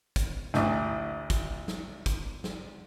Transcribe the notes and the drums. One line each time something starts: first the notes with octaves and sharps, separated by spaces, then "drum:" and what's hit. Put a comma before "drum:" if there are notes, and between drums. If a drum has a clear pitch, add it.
drum: kick, hi-hat
A1 D2, drum: snare
drum: kick, hi-hat
drum: snare
drum: kick, hi-hat
drum: snare